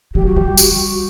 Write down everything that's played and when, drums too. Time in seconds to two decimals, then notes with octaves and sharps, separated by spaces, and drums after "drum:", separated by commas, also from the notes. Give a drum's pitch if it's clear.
0.15 F#3 G4
0.26 F#4
0.36 G3 G4
0.57 F#4, drum: tambourine